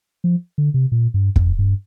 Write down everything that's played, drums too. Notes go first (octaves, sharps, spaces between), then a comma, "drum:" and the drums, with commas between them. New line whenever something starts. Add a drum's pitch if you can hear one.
F3
D3
C3
A#2
G2
F2, drum: kick
G2